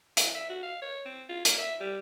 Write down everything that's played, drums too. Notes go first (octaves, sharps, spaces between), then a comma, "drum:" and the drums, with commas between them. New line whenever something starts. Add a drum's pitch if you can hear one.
E3, drum: hi-hat
E5
F#4
F5
C#5
C4
F4
A#3, drum: hi-hat
E5
G3